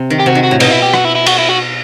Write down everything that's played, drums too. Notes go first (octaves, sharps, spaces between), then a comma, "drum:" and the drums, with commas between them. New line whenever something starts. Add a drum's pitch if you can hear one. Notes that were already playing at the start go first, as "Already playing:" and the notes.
Already playing: C3
D#3
G4
C3 F#4
D#3
F#4
A2
B2 D#4, drum: cymbal
E4
G4
F#4, drum: rim click
E4
E4
F#4, drum: cymbal
E4
F#4